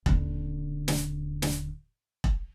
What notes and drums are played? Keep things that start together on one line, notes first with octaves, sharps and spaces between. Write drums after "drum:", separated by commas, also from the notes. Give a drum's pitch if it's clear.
D#1 D3, drum: kick E1
drum: snare
drum: snare
drum: kick E1